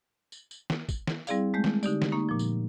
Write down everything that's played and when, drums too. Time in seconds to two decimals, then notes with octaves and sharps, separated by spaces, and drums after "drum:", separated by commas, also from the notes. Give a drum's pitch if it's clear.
0.32 drum: tambourine
0.51 drum: tambourine
0.70 drum: snare
0.89 drum: kick, tambourine
1.07 drum: snare
1.27 G3 C4 E4 G#4 D5 F5, drum: tambourine
1.54 G#3 A3 G6
1.64 drum: snare
1.83 D3 D#4 G4 D5, drum: tambourine
2.02 drum: snare
2.12 A#3 D#4 C#6
2.29 A#2 F3
2.39 drum: tambourine